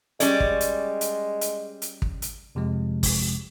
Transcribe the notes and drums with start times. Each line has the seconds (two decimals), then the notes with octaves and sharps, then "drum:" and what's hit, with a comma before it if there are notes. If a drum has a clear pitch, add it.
0.20 G3 G#3 C#4 D5, drum: hi-hat
0.40 drum: kick
0.61 drum: hi-hat
1.01 drum: hi-hat
1.41 drum: hi-hat
1.82 drum: hi-hat
2.02 drum: kick
2.22 drum: hi-hat
2.55 F2 C3 F3 G#3
3.03 drum: kick, open hi-hat